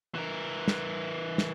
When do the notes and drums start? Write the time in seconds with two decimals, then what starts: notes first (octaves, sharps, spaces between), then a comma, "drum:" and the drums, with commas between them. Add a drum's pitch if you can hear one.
0.15 E3 A#4
0.68 drum: snare
1.38 drum: snare